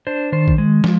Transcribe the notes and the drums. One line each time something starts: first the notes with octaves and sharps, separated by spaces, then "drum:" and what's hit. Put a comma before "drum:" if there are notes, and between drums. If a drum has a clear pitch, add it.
D4 C5
D#3 C5
drum: kick A#1
G#3
F3, drum: snare